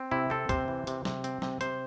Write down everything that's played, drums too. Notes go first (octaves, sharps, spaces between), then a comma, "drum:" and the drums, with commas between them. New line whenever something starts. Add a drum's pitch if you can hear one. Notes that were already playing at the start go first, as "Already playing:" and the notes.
Already playing: C4
C3 E4
C4 A4
C3 C5, drum: kick, hi-hat
E3
C3, drum: hi-hat
C3, drum: snare
C4, drum: hi-hat
C3, drum: snare
C3 C5, drum: hi-hat